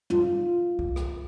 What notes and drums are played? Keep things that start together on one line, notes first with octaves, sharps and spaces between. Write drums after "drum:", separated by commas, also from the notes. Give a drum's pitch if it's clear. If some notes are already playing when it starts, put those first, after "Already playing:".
F4, drum: tom
drum: kick C2
drum: rim click